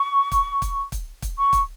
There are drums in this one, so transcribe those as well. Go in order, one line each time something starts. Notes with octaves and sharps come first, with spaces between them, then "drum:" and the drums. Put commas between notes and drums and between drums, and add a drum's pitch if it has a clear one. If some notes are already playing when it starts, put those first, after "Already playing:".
Already playing: C#6
drum: kick, hi-hat
drum: kick, hi-hat
drum: kick, hi-hat
drum: kick, hi-hat
C#6
drum: kick, hi-hat